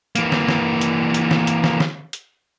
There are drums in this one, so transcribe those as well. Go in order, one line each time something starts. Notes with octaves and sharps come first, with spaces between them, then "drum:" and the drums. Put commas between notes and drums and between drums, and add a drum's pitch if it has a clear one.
E3 A#3, drum: hi-hat
drum: snare
drum: snare
drum: hi-hat
drum: hi-hat
drum: snare
drum: hi-hat
drum: snare
drum: snare
drum: hi-hat